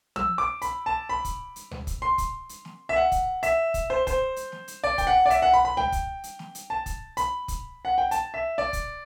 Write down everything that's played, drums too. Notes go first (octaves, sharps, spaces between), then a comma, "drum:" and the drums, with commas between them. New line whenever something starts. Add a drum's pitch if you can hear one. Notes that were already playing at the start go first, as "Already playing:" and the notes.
E6, drum: tom
D6
B5, drum: hi-hat
A5
B5
drum: kick, hi-hat
drum: hi-hat
drum: tom D2
drum: kick, hi-hat
C6
drum: kick, hi-hat
drum: hi-hat
drum: snare
E5
F#5
drum: kick, hi-hat
E5, drum: hi-hat
drum: kick, hi-hat
C5
C5, drum: kick, hi-hat
drum: hi-hat
drum: snare
drum: hi-hat
D5
G5, drum: kick, hi-hat
F#5
D5
E5, drum: hi-hat
F#5
B5
B5
G5, drum: tom D2
drum: kick, hi-hat
drum: hi-hat
drum: snare
drum: hi-hat
A5
drum: kick, hi-hat
B5, drum: hi-hat
drum: kick, hi-hat
F#5
G5
A5, drum: hi-hat
E5
D5
drum: kick, hi-hat